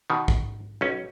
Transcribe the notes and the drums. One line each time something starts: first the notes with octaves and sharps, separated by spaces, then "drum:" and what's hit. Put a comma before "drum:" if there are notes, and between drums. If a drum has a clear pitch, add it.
B2 D#3
drum: kick
B1 C#4